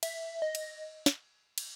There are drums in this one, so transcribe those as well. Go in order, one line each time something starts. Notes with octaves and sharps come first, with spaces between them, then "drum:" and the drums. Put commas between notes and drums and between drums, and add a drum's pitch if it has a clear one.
E5, drum: cymbal
D#5
drum: cymbal
drum: snare
drum: cymbal